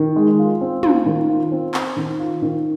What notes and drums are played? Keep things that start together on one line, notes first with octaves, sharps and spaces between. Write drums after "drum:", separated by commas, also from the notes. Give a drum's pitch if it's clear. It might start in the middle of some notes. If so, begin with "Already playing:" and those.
Already playing: D#3
G#3
F4
C4
F4, drum: tom
D#3
F4
C4
C4, drum: clap
D#3
F4
D#3